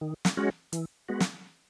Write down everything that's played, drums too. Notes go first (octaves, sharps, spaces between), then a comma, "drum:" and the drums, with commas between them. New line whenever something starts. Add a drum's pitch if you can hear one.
D#3
drum: snare
G#3 C#4 F#4
E3, drum: hi-hat
G#3 B3 F#4
drum: snare